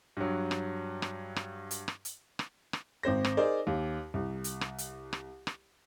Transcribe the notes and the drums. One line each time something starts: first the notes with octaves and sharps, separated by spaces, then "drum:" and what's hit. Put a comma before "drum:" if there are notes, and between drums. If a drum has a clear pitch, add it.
G2 F#3
drum: rim click
drum: rim click
drum: rim click
drum: hi-hat
drum: rim click
drum: hi-hat
drum: rim click
drum: rim click
G#1 C4 C5 A#6
drum: rim click
D#4 G#4 A#4 C5 D5
D#2
C2
drum: hi-hat
drum: rim click
drum: hi-hat
drum: rim click
drum: rim click